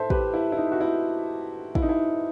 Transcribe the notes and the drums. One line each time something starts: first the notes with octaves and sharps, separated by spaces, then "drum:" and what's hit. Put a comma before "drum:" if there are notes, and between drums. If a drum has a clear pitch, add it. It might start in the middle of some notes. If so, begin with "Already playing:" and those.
Already playing: A2 A4 C5 E5
G4 B4, drum: kick
E4
E4
D#4
F#4
E4
E4, drum: kick
D#4
E4